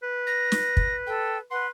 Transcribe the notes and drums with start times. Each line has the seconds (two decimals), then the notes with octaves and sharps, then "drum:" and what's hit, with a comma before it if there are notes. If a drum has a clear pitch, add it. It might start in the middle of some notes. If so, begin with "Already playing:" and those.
0.03 B4
0.27 A#6
0.52 drum: snare
0.77 drum: kick
1.07 A4 G5
1.51 B4 F#5 C6